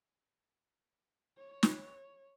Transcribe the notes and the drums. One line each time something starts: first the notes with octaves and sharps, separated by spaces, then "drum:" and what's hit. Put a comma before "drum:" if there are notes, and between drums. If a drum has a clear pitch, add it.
C#5
drum: snare